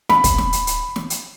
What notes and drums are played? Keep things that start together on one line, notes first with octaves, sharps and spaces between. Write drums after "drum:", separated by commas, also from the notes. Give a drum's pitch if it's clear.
B5, drum: snare
drum: kick, hi-hat
drum: snare
drum: hi-hat
drum: hi-hat
drum: snare
drum: hi-hat